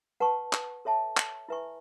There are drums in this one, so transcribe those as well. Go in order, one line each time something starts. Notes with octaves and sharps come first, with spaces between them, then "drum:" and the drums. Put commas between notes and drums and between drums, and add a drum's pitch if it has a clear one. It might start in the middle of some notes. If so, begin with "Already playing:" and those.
B4 F#5 A5 C#6
drum: clap
A4 C#5 E5 A5
drum: clap
E4 B4 E5 G#5 C#6